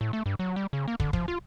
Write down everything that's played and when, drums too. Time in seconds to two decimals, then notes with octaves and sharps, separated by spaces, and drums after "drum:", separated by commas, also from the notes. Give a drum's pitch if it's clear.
0.01 A2
0.13 A3
0.26 G2
0.39 F#3
0.56 G3
0.73 C#3
0.88 A#3
1.00 D3, drum: kick
1.13 F3, drum: kick
1.28 F4